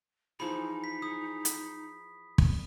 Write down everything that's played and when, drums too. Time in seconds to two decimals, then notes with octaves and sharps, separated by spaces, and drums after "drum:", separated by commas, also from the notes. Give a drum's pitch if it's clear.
0.40 E3 F3 D#4 G#4 B5
0.84 B6
1.02 G#4 D#6
1.45 drum: hi-hat
2.38 drum: kick